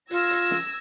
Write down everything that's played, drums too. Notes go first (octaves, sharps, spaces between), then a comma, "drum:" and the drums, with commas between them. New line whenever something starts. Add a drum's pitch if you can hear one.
F4 E6 G#6 A#6, drum: hi-hat
drum: hi-hat
drum: snare